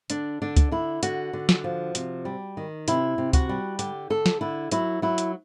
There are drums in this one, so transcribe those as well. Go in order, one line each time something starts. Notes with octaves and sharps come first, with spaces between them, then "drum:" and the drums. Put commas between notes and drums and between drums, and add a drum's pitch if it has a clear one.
D3 D4, drum: hi-hat
D3 D4
drum: kick C#2, hi-hat
D3 E4
D3 F#4, drum: hi-hat
D3
drum: snare
F3
C3, drum: hi-hat
G3
D#3
C3 E4, drum: hi-hat
C3
F#4, drum: kick C#2, hi-hat
G3
D3 G4, drum: hi-hat
D3 A4
drum: snare
D3 E4
F#3 E4, drum: hi-hat
F#3 E4
drum: hi-hat